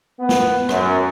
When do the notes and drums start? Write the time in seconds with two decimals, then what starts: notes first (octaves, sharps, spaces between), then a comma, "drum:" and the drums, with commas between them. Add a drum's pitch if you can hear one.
0.19 B3
0.29 drum: snare
0.69 F#2, drum: rim click